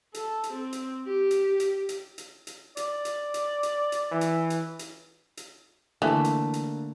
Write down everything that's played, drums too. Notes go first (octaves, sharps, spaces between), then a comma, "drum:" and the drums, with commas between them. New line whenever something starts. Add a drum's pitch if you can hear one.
A4, drum: hi-hat
drum: hi-hat
C4
drum: hi-hat
G4
drum: hi-hat
drum: hi-hat
drum: hi-hat
drum: hi-hat
drum: hi-hat
D5, drum: hi-hat
drum: hi-hat
drum: hi-hat
drum: hi-hat
drum: hi-hat
E3
drum: hi-hat
drum: hi-hat
drum: hi-hat
drum: hi-hat
D3 E3 A3 A#3
drum: hi-hat
drum: hi-hat